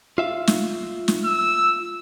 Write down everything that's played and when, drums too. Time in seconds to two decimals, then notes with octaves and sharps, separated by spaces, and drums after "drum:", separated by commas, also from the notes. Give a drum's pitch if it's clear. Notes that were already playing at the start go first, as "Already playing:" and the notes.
0.18 F4 E5 F5
0.47 drum: snare
1.08 drum: snare
1.25 E6